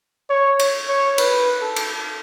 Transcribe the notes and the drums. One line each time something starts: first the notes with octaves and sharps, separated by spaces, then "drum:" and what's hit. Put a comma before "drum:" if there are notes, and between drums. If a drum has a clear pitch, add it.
C#5
drum: cymbal
C#5
B4, drum: cymbal
A4
drum: cymbal